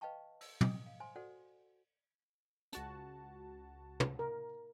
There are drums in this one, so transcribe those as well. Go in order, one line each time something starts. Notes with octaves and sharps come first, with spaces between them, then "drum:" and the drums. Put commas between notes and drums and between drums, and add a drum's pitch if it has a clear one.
B4 D#5 F5 G5 A5 C#6
E6, drum: open hi-hat
D#5 D#6, drum: tom
F5
C5 G#5 C6
F#4 A4 C5 D5 F#5
C#2 F#4 A5, drum: hi-hat
drum: tom
A#4